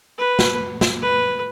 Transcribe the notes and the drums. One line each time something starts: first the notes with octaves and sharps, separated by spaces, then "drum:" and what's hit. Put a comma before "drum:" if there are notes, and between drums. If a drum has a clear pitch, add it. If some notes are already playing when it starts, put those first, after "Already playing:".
B4
drum: snare
drum: snare
B4